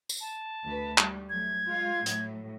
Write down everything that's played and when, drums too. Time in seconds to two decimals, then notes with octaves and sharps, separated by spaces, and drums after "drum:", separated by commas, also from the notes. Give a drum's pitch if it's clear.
0.09 drum: tambourine
0.21 A5
0.63 D2 B4
0.98 G3, drum: clap
1.30 F#3 A3 G#6
1.65 G#3 F4
2.06 A2 F#3, drum: hi-hat